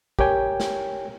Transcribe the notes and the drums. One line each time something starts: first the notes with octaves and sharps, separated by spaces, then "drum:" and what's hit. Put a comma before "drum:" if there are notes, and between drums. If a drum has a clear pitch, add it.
G4 A#4 C#5 G5 G#5, drum: kick
drum: snare